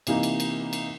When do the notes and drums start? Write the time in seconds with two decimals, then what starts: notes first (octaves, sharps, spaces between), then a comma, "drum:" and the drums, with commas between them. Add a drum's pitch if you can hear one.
0.07 C3 E3 A#3 D#4, drum: cymbal
0.23 drum: cymbal
0.40 drum: cymbal
0.73 drum: cymbal